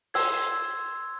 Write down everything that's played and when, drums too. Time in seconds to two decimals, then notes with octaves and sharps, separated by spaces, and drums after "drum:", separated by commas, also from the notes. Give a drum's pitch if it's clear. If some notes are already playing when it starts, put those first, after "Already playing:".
0.14 C6 E6 G#6, drum: open hi-hat